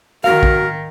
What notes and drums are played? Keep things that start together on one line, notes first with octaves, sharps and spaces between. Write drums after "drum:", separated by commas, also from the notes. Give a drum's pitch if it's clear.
D#3 F#4 A#4 F5
drum: kick A#1